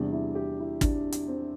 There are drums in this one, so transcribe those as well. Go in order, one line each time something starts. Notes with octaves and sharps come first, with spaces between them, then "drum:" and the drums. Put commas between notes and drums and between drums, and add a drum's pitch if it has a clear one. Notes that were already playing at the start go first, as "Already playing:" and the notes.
Already playing: E2 C3 E3 G3 D4
E4
G4
E4
D4, drum: kick, hi-hat
drum: hi-hat
C4